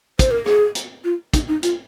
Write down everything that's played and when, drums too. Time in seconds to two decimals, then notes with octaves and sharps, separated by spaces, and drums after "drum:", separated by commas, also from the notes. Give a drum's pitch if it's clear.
0.19 C5, drum: kick, hi-hat
0.31 A#4
0.46 G#4, drum: rim click
0.75 drum: hi-hat
1.04 F4
1.34 D#4, drum: kick, hi-hat
1.48 D#4
1.63 F4, drum: hi-hat